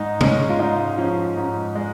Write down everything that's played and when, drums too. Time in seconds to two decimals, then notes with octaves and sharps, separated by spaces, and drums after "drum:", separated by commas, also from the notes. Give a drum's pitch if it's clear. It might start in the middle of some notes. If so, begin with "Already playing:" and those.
Already playing: G#2 D#4
0.21 G#3 C#4, drum: tom C3
0.50 F4
0.59 G#2 D#4
0.98 F3 C#4
1.37 G#2 C#4
1.75 G#3